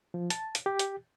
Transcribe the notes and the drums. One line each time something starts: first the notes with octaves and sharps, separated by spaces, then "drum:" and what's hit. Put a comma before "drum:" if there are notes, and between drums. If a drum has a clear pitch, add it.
F3
A5, drum: hi-hat
drum: hi-hat
G4
drum: hi-hat